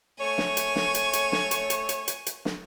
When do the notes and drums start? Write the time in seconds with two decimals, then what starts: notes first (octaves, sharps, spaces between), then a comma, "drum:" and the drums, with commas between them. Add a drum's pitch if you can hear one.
0.19 A3 C#5 G#5 C#6
0.38 drum: snare
0.57 drum: hi-hat
0.76 drum: snare
0.94 drum: hi-hat
1.13 drum: hi-hat
1.32 drum: snare
1.51 drum: hi-hat
1.70 drum: hi-hat
1.89 drum: hi-hat
2.08 drum: hi-hat
2.26 drum: hi-hat
2.45 drum: snare